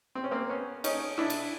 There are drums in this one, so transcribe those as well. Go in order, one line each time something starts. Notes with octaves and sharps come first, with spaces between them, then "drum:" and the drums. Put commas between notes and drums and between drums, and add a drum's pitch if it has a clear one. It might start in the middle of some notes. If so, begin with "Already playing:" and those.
C4
C#4
A#3 C4
B3 C#4
C#4 D#4, drum: cymbal
D4 E4
drum: cymbal